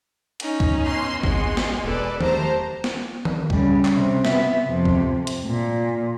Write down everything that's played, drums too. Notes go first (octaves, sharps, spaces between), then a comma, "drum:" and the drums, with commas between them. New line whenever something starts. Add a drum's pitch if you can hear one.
C#4 D#4, drum: hi-hat
drum: kick C#2
B3 F#4 C6
G#1 G#3 C6, drum: kick C#2
drum: snare
E1 A4 B4 D5
E2 F#3 A3 G4 C5 A5 A#5, drum: tom D#3
drum: snare
drum: tom D#3
C#3 G3, drum: kick C#2
drum: clap
C3
B3 E5, drum: snare
F2 C3
drum: kick C#2
drum: hi-hat
A#2